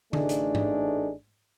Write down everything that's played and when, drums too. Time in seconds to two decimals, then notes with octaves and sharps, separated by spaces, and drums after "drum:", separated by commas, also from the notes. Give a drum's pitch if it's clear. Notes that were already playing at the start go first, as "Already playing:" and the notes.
0.13 A1 A3 D4 D#4 G#4, drum: tom D3
0.29 drum: hi-hat
0.55 drum: tom G#2